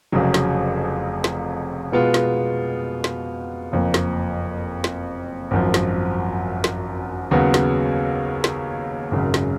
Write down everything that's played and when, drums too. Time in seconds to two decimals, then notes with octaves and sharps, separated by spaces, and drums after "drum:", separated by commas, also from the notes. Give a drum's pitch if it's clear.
0.12 F1 F2 C#3 F#3
0.34 drum: snare
1.24 drum: snare
1.92 B2 G#3 B3 F4
2.14 drum: snare
3.04 drum: snare
3.72 F#1 F2 F3 A#3
3.94 drum: snare
4.84 drum: snare
5.51 G#1 F#2 F3
5.74 drum: snare
6.64 drum: snare
7.31 D#2 C#3 F#3 B3 F#4
7.54 drum: snare
8.44 drum: snare
9.11 G#1 F#2 C#3
9.34 drum: snare